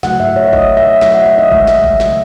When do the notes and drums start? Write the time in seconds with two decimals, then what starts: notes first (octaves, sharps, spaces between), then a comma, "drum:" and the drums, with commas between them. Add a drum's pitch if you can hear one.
0.03 C#3 F#3 A3 F#5, drum: snare
0.20 E5, drum: tom G2
0.36 C#5
0.46 E5
0.53 B2 A3 D#5, drum: kick G#1
0.77 E5
1.01 B2 F#3 A3 E5, drum: snare
1.14 F#5
1.26 E5
1.38 D#5
1.51 D#3 G#3 E5, drum: kick G#1
1.67 drum: snare
1.84 drum: kick G#1
2.00 C#3 F#3 A3, drum: snare